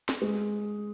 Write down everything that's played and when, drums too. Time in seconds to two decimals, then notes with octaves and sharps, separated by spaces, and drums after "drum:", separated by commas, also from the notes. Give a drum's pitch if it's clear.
0.09 drum: snare
0.22 G#3